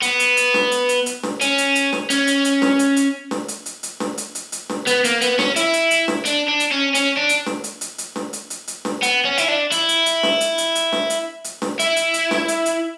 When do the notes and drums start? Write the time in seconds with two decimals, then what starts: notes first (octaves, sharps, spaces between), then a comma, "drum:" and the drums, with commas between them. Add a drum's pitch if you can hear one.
0.02 B3, drum: hi-hat
0.20 drum: hi-hat
0.37 drum: hi-hat
0.54 drum: snare
0.71 drum: hi-hat
0.89 drum: hi-hat
1.06 drum: hi-hat
1.23 drum: snare
1.41 C#4, drum: hi-hat
1.58 drum: hi-hat
1.75 drum: hi-hat
1.93 drum: snare
2.10 C#4, drum: hi-hat
2.27 drum: hi-hat
2.45 drum: hi-hat
2.62 drum: snare
2.79 drum: hi-hat
2.96 drum: hi-hat
3.31 drum: snare
3.48 drum: hi-hat
3.66 drum: hi-hat
3.83 drum: hi-hat
4.00 drum: snare
4.18 drum: hi-hat
4.35 drum: hi-hat
4.52 drum: hi-hat
4.69 drum: snare
4.87 B3, drum: hi-hat
5.04 A#3, drum: hi-hat
5.21 B3, drum: hi-hat
5.39 C#4, drum: snare
5.56 E4, drum: hi-hat
5.73 drum: hi-hat
5.91 drum: hi-hat
6.08 drum: snare
6.25 D4, drum: hi-hat
6.48 D4
6.60 drum: hi-hat
6.72 C#4
6.95 C#4, drum: hi-hat
7.17 D4
7.29 drum: hi-hat
7.46 drum: snare
7.64 drum: hi-hat
7.81 drum: hi-hat
7.98 drum: hi-hat
8.16 drum: snare
8.33 drum: hi-hat
8.50 drum: hi-hat
8.68 drum: hi-hat
8.85 drum: snare
9.03 B3, drum: hi-hat
9.25 C#4
9.38 E4, drum: hi-hat
9.48 D4
9.72 E4, drum: hi-hat
9.89 drum: hi-hat
10.06 drum: hi-hat
10.23 drum: snare
10.41 drum: hi-hat
10.58 drum: hi-hat
10.75 drum: hi-hat
10.92 drum: snare
11.10 drum: hi-hat
11.44 drum: hi-hat
11.62 drum: snare
11.79 E4, drum: hi-hat
11.96 drum: hi-hat
12.14 drum: hi-hat
12.31 drum: snare
12.48 drum: hi-hat
12.66 drum: hi-hat